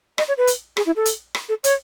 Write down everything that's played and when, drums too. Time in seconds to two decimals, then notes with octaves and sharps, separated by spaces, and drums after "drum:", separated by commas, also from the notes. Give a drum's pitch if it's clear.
0.18 D#5, drum: rim click
0.28 C#5
0.38 B4
0.47 drum: hi-hat
0.77 G#4, drum: rim click
0.86 E4
0.96 A4
1.05 drum: hi-hat
1.35 drum: rim click
1.49 A4
1.64 C#5, drum: hi-hat